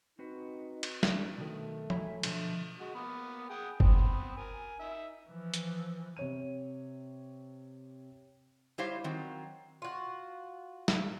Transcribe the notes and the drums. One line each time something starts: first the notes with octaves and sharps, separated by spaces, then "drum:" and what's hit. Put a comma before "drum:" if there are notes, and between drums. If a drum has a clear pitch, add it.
C4 D#4 F#4 B4
drum: cymbal
D4, drum: snare
B1 D#3 A3
F#3 C#5 E5 G#5 B5, drum: tom
B2 D3 F3 E5, drum: cymbal
G#3 F#4
A#3 B3
G#4 F#5 G5
B3 C4, drum: kick F#1
A#4 G#5
D#4 E5
E3 F3
drum: hi-hat
C3 C#5 D#7
G3 E4 G4 C5 C#5 F5
D#3 F#3 C4
F4 F#4
drum: snare